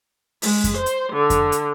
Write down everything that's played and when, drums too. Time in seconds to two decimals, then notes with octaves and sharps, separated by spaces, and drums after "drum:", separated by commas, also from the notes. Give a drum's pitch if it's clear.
0.42 G#3, drum: open hi-hat
0.64 drum: kick F2, hi-hat
0.77 C5
0.86 drum: hi-hat
1.13 D3
1.30 drum: kick F2, hi-hat
1.52 drum: hi-hat